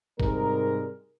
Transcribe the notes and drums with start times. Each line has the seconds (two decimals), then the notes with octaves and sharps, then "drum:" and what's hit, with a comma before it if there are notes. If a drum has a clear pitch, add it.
0.20 G#2 C3 G3 G#3 A#4, drum: kick